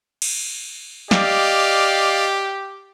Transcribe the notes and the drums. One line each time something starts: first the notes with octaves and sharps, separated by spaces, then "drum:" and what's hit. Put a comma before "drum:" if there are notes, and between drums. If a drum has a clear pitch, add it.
drum: cymbal
G4 D5 D#5 F5, drum: snare